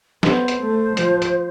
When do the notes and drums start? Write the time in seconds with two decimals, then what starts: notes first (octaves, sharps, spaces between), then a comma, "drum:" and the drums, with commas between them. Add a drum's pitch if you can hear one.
0.23 B3 C5, drum: snare
0.48 drum: hi-hat
0.60 A3
0.97 F3, drum: hi-hat
1.22 drum: hi-hat